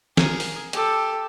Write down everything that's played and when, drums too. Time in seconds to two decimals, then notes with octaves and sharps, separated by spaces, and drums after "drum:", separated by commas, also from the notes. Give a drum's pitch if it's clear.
0.17 G#4 A#4, drum: snare
0.40 drum: open hi-hat
0.73 G4 A4, drum: hi-hat